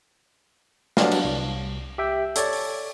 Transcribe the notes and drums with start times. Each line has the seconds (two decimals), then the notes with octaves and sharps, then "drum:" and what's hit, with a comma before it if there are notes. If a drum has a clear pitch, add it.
0.97 F#3 G3 B3 D4 D5 F5, drum: snare
1.12 drum: cymbal
1.24 C2
1.98 G4 E5 G5
2.36 A4 C#5 D5, drum: hi-hat
2.53 drum: open hi-hat